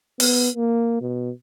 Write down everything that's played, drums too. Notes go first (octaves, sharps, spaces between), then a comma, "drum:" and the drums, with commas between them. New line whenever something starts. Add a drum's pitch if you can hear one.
B3, drum: open hi-hat
A#3
B2